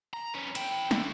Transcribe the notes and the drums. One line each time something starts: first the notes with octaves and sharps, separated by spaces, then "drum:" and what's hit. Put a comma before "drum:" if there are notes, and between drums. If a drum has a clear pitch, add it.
A#5
B3 C#4
E4 G5, drum: hi-hat
D3 A3, drum: snare